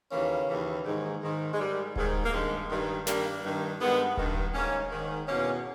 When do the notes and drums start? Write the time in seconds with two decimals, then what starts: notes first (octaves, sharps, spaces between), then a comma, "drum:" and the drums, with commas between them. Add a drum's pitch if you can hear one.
0.11 D#2 C#3 E3 A#3 C#4
0.49 D#2 C#3 E3
0.85 G#2 D#3
1.23 G#2 D#3
1.53 G#3
1.59 G#2 D#3 G3
1.96 G#2 D#3, drum: kick D#1
2.24 A#3
2.33 G2 D#3 G#3
2.70 G2 D#3
3.07 G2 D#3 G3 A#3, drum: snare
3.44 G2 D#3
3.80 G2 D#3 G#3 B3
4.17 G2 D#3, drum: kick D#1
4.54 G#2 D#3 A#3 C#4
4.91 G#2 D#3
5.28 E2 B2 A#3 C#4